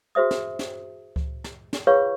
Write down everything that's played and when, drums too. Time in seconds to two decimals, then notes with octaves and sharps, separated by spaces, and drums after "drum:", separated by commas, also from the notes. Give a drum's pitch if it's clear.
0.15 F#4 G#4 C5 E5 D#6
0.31 drum: snare
0.59 drum: snare
1.16 drum: kick C#2
1.44 drum: snare
1.73 drum: snare
1.87 F4 G#4 B4 C#5 F5 C#6